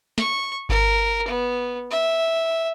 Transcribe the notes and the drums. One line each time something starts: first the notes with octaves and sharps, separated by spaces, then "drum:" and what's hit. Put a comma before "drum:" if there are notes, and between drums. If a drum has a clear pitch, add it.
C#6, drum: snare
A#4, drum: kick G1
B3
E5